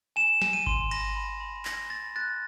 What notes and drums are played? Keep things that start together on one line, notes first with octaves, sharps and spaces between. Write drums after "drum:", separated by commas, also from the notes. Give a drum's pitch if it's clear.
G#5 E7
G#5, drum: snare
D#7
C6, drum: kick G#1
B5 A#6, drum: cymbal
B5
B5
B5 A#6, drum: clap
B5 A6
F#6 A6